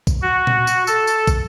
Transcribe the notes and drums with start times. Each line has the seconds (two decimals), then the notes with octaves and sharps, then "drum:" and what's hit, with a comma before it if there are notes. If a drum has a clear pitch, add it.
0.07 drum: kick, tambourine
0.22 F#4
0.47 drum: tom A#2
0.67 drum: tambourine
0.87 A4, drum: tambourine
1.07 drum: tambourine
1.27 drum: kick, tambourine